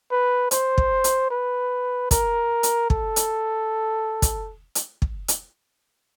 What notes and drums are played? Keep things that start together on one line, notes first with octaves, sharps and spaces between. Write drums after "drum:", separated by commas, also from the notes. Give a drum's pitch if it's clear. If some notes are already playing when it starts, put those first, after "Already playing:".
B4
C5, drum: hi-hat
drum: kick
drum: hi-hat
B4
A#4, drum: kick, hi-hat
drum: hi-hat
A4, drum: kick
drum: hi-hat
drum: kick, hi-hat
drum: hi-hat
drum: kick
drum: hi-hat